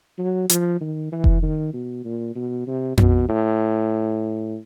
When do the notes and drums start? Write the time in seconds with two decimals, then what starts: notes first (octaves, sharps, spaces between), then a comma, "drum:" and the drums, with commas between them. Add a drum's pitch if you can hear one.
0.18 F#3
0.49 F3, drum: hi-hat
0.81 D#3
1.12 E3
1.24 drum: kick F1
1.42 D#3
1.73 B2
2.05 A#2
2.36 B2
2.67 C3
2.97 B2, drum: tom F2
3.29 A2